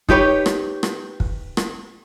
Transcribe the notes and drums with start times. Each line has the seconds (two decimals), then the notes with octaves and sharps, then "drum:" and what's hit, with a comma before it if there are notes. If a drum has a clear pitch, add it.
0.09 D#4 G4 B4 C#5, drum: kick
0.46 drum: rim click
0.83 drum: rim click
1.20 drum: kick
1.57 drum: rim click